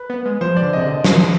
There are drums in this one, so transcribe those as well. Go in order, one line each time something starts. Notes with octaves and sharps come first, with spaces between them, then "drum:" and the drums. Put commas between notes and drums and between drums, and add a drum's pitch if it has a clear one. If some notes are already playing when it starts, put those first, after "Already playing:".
Already playing: B4
B3
G#3
F3 C5
D5
D3
C3 D#5
D3
D#5
D#3, drum: snare
F3